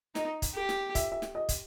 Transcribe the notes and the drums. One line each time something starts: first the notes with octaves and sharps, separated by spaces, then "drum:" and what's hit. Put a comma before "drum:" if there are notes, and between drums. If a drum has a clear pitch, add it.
D#4 D#5, drum: snare
drum: kick, hi-hat
G4
drum: snare
E5, drum: kick, hi-hat
E5
drum: snare
D#5
drum: kick, hi-hat